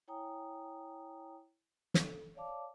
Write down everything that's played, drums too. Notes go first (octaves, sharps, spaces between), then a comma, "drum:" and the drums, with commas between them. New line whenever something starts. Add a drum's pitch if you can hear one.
E4 C#5 G5 G#5 A#5 D#6
A4, drum: snare
C#5 D5 F5 A5 D6